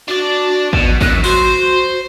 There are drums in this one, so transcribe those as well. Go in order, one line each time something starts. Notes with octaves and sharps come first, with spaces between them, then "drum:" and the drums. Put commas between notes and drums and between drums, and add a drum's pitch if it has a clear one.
D4 F#4 D5
B2, drum: kick
F#2 F#6, drum: kick
F#4 C5, drum: cymbal